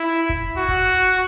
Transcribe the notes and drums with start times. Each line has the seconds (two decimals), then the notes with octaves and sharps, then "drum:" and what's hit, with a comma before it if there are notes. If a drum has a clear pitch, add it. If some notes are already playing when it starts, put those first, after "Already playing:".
Already playing: E4
0.29 drum: kick
0.57 F#4
0.68 drum: kick